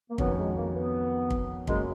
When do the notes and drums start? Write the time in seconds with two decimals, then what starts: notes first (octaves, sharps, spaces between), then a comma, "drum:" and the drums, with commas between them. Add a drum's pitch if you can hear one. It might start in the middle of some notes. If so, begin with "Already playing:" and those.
0.10 A#3
0.18 F2 D#3 F#3 B3 C#4, drum: kick
0.37 G#3
0.56 A#3
0.75 B3
1.30 drum: kick
1.67 F#2 C#3 F#3 G#3 A#3, drum: kick